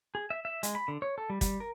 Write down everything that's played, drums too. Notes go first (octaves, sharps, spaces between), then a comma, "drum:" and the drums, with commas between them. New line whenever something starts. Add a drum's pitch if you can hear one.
G#4
E5
E5
G#3, drum: hi-hat
B5
D3
C#5
A4
G3
G3, drum: kick, hi-hat
A#4